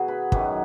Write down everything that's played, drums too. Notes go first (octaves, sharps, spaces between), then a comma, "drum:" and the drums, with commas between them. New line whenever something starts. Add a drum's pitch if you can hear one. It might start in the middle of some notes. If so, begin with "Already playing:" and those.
Already playing: B2 F#3 G#4
B4
F#2 D#3 F#3 B4, drum: kick